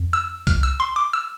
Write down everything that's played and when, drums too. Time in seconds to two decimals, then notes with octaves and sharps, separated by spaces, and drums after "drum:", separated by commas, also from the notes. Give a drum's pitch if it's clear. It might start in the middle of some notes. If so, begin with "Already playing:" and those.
Already playing: F2
0.13 E6
0.47 F6, drum: kick C2, hi-hat
0.63 E6
0.80 C6
0.96 D6
1.13 E6